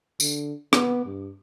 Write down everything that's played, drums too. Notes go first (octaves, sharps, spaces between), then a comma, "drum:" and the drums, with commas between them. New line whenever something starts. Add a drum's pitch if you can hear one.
D3, drum: tambourine
B3, drum: rim click
G2